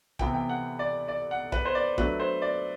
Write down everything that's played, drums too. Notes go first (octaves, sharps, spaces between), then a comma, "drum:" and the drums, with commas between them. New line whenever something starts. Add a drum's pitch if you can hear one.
C3 E3 B3 E4 G5, drum: kick
G5
F#5
D5
D5
F#5
B4, drum: kick
C5
D5
F#3 A3 D4 B4, drum: kick
C5
D5